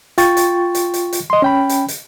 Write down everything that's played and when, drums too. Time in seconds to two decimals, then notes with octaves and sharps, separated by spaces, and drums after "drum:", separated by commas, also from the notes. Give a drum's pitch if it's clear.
0.18 F4 G5 C#6 A6, drum: hi-hat
0.37 drum: hi-hat
0.75 drum: hi-hat
0.94 drum: hi-hat
1.13 drum: hi-hat
1.30 D#5 C6
1.42 C#4 G5 B5
1.69 drum: hi-hat
1.88 drum: hi-hat